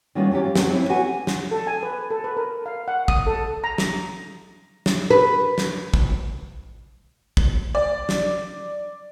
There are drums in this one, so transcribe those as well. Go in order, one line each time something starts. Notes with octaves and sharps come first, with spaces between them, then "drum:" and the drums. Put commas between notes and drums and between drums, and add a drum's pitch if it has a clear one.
D#3 G3 A#3 B3 C#4 F4
E3 F#3 C#4 G4
F4
F2 F#3 A#3 B3, drum: snare
C4 C#4 E4
F#4 G4 B4 F#5 G#5
drum: snare
A4
G#5
B4
A4
B4
A#4
F5
F#5
D#6, drum: kick
A4
A#5
drum: snare
drum: snare
B4
drum: snare
drum: kick
drum: kick
D5
drum: snare